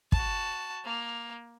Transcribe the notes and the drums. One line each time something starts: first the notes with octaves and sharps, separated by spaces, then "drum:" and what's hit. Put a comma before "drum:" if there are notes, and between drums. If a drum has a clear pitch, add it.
F#4 A5, drum: kick
A#3